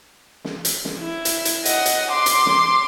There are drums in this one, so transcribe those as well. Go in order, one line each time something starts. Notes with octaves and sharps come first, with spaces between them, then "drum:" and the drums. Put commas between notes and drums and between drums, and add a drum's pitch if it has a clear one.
drum: snare
drum: hi-hat
drum: snare
E4
drum: hi-hat
drum: hi-hat
D#5 F#5, drum: hi-hat
drum: hi-hat
C6 D6
drum: hi-hat
drum: snare